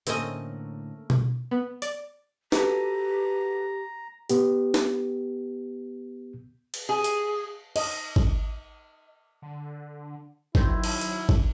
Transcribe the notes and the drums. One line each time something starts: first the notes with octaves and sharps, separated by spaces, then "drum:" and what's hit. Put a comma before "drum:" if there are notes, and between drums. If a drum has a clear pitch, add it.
A2 D3 A3 A#3 C4 C#4 A#4 D#5, drum: hi-hat
drum: tom B2
B3
D5, drum: hi-hat
F#4 G4 A4 B4 A#5, drum: snare
B3 G4, drum: hi-hat
drum: snare
drum: cymbal
G#4
drum: hi-hat
D#5, drum: cymbal
drum: kick G#1
D3
D#3 F#3 C4 E4, drum: kick G#1
drum: cymbal
drum: hi-hat
drum: kick G#1